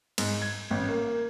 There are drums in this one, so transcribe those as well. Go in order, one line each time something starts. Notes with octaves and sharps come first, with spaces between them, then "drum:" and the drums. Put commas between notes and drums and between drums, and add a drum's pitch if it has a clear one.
G#2, drum: cymbal
G#6
A1
A#3